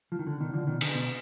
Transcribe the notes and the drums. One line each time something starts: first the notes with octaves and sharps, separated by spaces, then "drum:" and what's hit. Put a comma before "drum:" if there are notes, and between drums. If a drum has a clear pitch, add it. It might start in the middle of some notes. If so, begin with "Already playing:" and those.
F3
D#3
D3
B2 D#3
D3 F3
B2 D#3
D3, drum: cymbal
B2